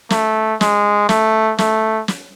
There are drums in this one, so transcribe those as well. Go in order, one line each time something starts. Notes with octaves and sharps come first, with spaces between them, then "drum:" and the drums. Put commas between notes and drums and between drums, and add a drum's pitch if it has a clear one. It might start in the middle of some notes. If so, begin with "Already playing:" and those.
A3, drum: snare
G#3, drum: snare
A3, drum: snare
A3, drum: snare
drum: snare